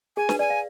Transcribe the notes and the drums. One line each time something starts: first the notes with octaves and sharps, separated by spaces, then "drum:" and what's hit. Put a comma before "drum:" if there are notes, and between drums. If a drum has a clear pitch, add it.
G#4 G#5
B4, drum: snare
D5 G#5
F5